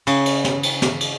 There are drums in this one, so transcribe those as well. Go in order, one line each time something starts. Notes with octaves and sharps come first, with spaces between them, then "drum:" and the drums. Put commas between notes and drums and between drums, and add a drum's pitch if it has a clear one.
C#3, drum: cymbal
drum: cymbal
drum: snare
drum: cymbal
drum: snare
drum: cymbal